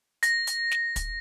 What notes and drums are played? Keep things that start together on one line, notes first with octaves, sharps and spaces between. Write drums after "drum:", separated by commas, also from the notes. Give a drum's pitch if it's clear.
A#6, drum: hi-hat
drum: hi-hat
drum: snare
drum: kick, hi-hat